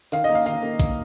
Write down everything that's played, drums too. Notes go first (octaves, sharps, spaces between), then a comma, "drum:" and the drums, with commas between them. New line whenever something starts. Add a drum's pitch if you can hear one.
D#3 F5, drum: tambourine
D#5
A#3
F5
D#3 F5, drum: tambourine
A#3
D#3, drum: kick, tambourine